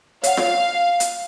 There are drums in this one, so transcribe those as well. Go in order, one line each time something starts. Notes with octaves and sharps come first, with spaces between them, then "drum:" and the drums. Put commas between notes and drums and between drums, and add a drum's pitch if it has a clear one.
C#5 F5 F#5, drum: hi-hat
drum: snare F4
drum: hi-hat